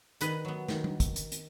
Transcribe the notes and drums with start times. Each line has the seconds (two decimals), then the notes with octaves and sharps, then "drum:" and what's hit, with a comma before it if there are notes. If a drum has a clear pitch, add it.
0.21 D#3 B4 D#5, drum: hi-hat
0.45 F#3 B3
0.68 D#3, drum: snare
0.84 drum: tom G3
1.00 drum: kick, hi-hat
1.16 drum: hi-hat
1.32 drum: hi-hat